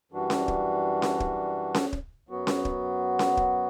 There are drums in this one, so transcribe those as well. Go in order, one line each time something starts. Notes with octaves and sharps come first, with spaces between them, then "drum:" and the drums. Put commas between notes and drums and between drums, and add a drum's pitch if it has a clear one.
F#2 E3 G3 D4 F#4
drum: snare C#4
drum: kick
drum: snare C#4
drum: kick
drum: snare C#4
drum: kick
F#2 F#3 B3 F#4
drum: snare C#4
drum: kick
drum: snare C#4
drum: kick